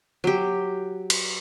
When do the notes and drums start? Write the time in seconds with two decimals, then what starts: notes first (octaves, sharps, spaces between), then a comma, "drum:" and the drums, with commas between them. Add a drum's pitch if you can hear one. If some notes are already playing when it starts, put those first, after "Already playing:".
0.24 F#3 G4
1.10 drum: cymbal